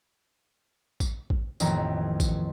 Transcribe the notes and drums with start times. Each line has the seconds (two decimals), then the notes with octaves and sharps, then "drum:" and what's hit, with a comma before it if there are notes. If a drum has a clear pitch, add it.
1.00 drum: kick A1, tambourine
1.30 drum: kick A1
1.60 A1 F2 D#3 A#3 A#5, drum: tambourine
2.20 drum: kick A1, tambourine